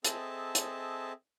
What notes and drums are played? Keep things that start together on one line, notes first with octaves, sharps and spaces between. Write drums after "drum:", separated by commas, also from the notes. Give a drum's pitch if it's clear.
C4 G#4 A4 D#5 E5 A5, drum: hi-hat
drum: hi-hat